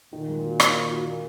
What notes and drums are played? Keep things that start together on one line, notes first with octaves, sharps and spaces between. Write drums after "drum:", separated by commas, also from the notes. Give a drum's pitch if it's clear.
A#2 D#3
G#3
F#4
D#3, drum: rim click
D#3
F#4
A#3